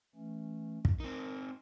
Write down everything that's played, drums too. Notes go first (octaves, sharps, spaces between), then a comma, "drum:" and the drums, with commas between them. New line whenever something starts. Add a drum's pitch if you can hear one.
E3 A3 C#4
drum: kick
C4 D#4 A#4